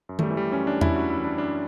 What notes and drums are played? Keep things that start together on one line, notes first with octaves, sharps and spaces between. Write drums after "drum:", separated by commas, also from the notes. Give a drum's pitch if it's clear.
F#2
A3, drum: tom D#3
G3
E3
G3
F#2 C#4
D4
E3
E4, drum: tom E2
F#2 F#4
E4
E3
D4
F#2 D4